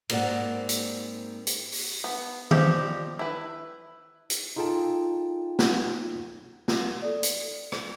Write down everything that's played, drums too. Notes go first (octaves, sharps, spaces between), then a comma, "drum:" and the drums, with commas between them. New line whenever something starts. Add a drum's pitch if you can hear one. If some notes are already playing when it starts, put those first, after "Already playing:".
G#2 A#3 C4 D5 F#5, drum: cymbal
drum: hi-hat
drum: hi-hat
drum: open hi-hat
B3
F3 G3 G4 D#5, drum: tom
E4 B4
drum: hi-hat
D#4 F4 G#4 A4 G5 A5
drum: snare
drum: snare
A4 D5
drum: hi-hat
drum: rim click